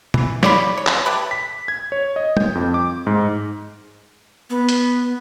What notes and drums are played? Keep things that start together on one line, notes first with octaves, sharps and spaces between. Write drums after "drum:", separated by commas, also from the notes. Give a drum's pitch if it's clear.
E3, drum: tom
C#5 D5 B5, drum: snare
C#5
drum: clap
A3 G4 B4 B5
B6
G#6
C#5
D#5
G6, drum: tom
F2
D6
G#2
B3
drum: hi-hat